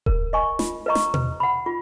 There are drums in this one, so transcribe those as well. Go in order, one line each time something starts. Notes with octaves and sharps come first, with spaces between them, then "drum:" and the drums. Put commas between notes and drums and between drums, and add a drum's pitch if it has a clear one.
A#4, drum: kick D#1
D#5 G#5 C#6
F4, drum: snare
B4 D#5 A#5 C#6
drum: snare
B4, drum: tom B2
F#5 B5
F4